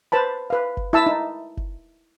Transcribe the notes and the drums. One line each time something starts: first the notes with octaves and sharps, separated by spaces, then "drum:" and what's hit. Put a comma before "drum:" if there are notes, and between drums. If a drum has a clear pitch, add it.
B4 C5 A5 B5
B4 F5
drum: kick F#1
E4 E5 A5 E6
D#4
drum: kick F#1